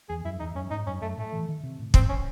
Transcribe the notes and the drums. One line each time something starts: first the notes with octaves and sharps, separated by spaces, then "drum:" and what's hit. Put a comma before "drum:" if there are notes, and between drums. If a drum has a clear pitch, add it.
E2 G#4
F#2 E4
E2 D#4
F#2 C#4
G#2 D#4
F#2 C#4
F#2 A3
A2 A3
E3
D#3
C3
A2
G#2 C4, drum: kick
C#4